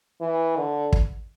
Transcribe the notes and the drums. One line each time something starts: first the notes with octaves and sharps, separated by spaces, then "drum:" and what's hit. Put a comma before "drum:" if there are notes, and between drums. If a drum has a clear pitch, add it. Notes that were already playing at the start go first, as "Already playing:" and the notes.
E3
D3
drum: kick